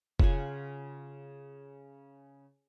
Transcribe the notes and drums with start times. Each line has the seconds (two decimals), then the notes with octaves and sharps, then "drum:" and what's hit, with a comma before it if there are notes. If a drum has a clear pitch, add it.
0.19 C#3 F4 F#5 G#5, drum: kick F1